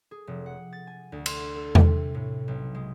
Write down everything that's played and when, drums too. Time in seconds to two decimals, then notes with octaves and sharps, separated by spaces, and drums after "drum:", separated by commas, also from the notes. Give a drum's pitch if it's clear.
0.11 G#4
0.27 F1
0.46 F#5
0.73 A6
0.87 G#5
1.12 D2
1.26 C6, drum: cymbal
1.55 A4
1.75 C3, drum: tom E2
2.15 A2
2.48 B1
2.75 G#3